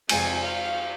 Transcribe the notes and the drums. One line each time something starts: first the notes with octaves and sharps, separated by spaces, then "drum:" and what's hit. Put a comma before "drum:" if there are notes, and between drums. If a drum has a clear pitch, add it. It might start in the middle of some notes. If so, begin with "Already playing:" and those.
F2 C3 G#3 C4 F4 G#5, drum: cymbal
F5